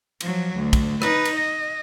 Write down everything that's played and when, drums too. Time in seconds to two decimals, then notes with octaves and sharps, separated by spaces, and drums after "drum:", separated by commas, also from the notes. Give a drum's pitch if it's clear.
0.21 F3 F#3, drum: cymbal
0.56 D2
0.73 drum: kick, cymbal
1.02 D#4 B4, drum: rim click
1.25 drum: cymbal
1.35 D#5